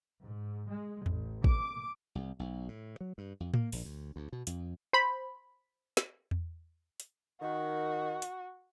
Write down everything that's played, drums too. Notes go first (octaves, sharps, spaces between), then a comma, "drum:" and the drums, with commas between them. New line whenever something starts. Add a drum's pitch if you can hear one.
G#2
G#3
A1, drum: tom E2
D6, drum: kick A1
C2
B1
A2
F#3
G2
F2
A#3, drum: tom A2
A#1, drum: open hi-hat
D2
D2
B2
F2, drum: hi-hat
C5 B5
drum: snare
drum: tom E2
drum: hi-hat
D#3 F#4
drum: hi-hat